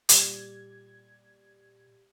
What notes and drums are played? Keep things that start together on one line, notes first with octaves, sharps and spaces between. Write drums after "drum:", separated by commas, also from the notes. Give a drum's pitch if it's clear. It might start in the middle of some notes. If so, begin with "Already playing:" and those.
A#2 G3 D5 G#6, drum: hi-hat